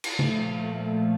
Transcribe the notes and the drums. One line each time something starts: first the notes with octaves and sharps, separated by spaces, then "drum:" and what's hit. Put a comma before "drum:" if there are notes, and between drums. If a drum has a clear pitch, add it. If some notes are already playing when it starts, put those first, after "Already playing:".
drum: cymbal
A#2 F3 A3, drum: tom C#3